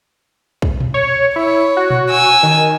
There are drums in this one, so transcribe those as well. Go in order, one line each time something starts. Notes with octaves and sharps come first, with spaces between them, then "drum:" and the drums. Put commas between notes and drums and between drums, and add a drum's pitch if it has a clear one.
drum: kick
drum: tom A#2
C#5
E4 C#5
F#4
drum: tom A#2
G#5 E6
D#3